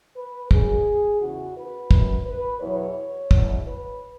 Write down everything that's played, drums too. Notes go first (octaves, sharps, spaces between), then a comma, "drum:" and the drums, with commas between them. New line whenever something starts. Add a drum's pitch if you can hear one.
B4
F#2 F#3 G#4, drum: kick
E2 C#3 E3 F#4
B4
F#2 F#3, drum: kick
B4
E2 B2 F#3 C#5
E2 B2 F#3, drum: kick
B4